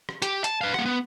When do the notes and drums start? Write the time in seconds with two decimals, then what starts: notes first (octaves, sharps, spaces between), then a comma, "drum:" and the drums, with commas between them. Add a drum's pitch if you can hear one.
0.09 drum: rim click
0.22 G4, drum: hi-hat
0.44 A5, drum: hi-hat
0.61 B4 F5
0.74 A#3 F#5, drum: rim click
0.85 B3